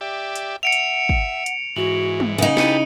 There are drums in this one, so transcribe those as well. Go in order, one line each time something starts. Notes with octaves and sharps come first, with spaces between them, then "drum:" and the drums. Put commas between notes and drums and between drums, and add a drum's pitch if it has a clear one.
G4 D5 E5
drum: hi-hat
E5 F#5 C#7 D7 F7
drum: hi-hat
drum: kick
drum: hi-hat
G#2 E3 F#4 F#7
drum: tom
C#3 D#4 F#5
E4 G4 A4 B4 C#7 D#7, drum: snare